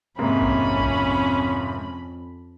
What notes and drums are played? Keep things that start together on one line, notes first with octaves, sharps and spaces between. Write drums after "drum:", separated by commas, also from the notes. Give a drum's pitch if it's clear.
F2 G#2 C3 A#3 C#4 B5
drum: kick A#1
drum: kick A#1